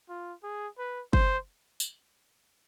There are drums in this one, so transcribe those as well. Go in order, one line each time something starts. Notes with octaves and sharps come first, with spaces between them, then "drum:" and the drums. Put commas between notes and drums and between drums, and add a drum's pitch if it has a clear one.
F4
G#4
B4
C5, drum: kick
drum: tambourine